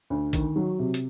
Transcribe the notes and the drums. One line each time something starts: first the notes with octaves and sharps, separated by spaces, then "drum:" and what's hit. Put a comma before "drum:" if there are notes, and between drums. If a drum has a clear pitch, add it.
D2
D#3, drum: kick A#1, hi-hat
F#3
C3
drum: hi-hat